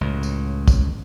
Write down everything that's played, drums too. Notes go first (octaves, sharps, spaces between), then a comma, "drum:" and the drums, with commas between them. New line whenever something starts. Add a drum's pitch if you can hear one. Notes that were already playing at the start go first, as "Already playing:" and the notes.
C#2 A2
drum: tambourine
drum: kick, tambourine